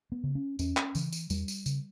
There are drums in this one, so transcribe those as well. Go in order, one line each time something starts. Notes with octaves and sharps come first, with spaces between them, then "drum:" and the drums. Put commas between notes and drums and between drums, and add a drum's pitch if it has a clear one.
B3
C#3
C#4
E2 C#4, drum: tambourine
drum: clap
C#3 E3, drum: tambourine
drum: tambourine
E2 G3, drum: tambourine
drum: tambourine
C#3, drum: tambourine